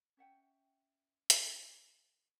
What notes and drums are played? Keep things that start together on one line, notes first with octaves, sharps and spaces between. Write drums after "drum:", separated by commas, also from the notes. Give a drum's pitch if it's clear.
C#4 E5 F#5 G5
drum: hi-hat